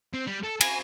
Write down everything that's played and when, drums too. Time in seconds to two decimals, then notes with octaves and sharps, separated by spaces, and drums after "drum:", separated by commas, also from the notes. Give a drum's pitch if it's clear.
0.14 C4
0.27 G3
0.44 A4
0.61 G#5, drum: cymbal